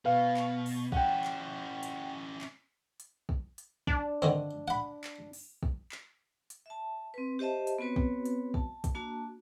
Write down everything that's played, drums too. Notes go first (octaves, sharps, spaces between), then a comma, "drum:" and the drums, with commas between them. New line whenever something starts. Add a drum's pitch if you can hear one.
B2 B4 F5
drum: clap
drum: open hi-hat
C#4 E4 F#5 G5, drum: kick
drum: clap
drum: hi-hat
drum: clap
drum: hi-hat
drum: kick
drum: hi-hat
D4, drum: kick
D3 D#3 C4
F#5 B5
drum: clap
drum: open hi-hat
drum: kick
drum: clap
drum: hi-hat
E5 A5
C4 B4
G4 C5 D#5 E5 A5
drum: hi-hat
B3 C4 F#4 B4 C#5
drum: kick
drum: hi-hat
A5, drum: kick
drum: kick, hi-hat
A#3 D4 F#4 A5